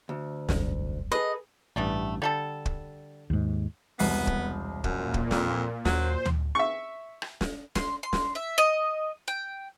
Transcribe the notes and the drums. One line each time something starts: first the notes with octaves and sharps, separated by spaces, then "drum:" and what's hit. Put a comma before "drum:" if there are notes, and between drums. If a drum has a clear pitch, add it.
D2
E1 C2 F#2, drum: snare
G#4 A4 B4 D#5
A1 G2 G3 A3 B3
D3 G3 A4 A5
drum: kick
D#2 G#2
E1 C2 B3 C7, drum: open hi-hat
drum: kick
F#2 A#2, drum: kick
drum: kick
F2, drum: snare
D#2 F#3 C5, drum: snare
drum: tom D2
E5 C#6
drum: rim click
drum: snare
C6, drum: snare
C6
drum: snare
E5
D#5
G5